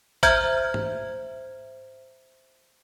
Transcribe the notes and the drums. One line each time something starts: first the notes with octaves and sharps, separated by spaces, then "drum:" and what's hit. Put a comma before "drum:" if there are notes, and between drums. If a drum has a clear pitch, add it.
C5 E5 A#5 F6 G6 G#6, drum: kick G#1
drum: tom G#2